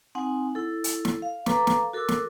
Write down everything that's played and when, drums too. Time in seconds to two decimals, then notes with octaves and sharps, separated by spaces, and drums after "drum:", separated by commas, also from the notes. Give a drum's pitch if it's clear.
0.15 C4 D#4 F#5 G#5
0.55 E4 A4
0.84 drum: hi-hat
1.05 drum: snare
1.22 F5
1.46 A4 B4 F5 A#5 D6, drum: snare
1.67 drum: snare
1.93 F#4 A4 A#4 D6 E6
2.08 drum: snare